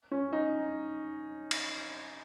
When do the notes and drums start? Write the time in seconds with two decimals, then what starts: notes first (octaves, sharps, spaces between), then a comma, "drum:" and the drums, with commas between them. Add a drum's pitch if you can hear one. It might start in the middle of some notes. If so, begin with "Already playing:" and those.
0.11 C#4
0.33 D#4
1.51 drum: cymbal